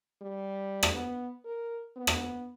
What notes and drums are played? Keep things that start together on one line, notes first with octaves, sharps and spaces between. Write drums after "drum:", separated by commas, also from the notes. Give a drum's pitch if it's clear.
G3
drum: rim click
B3
A#4
B3
drum: rim click